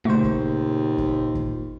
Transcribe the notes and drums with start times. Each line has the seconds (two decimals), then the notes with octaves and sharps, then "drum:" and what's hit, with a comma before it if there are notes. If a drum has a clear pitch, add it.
0.05 D#2 A#2 C#3 A3 B3 C5 C#6
0.24 drum: kick
0.98 drum: kick
1.35 drum: kick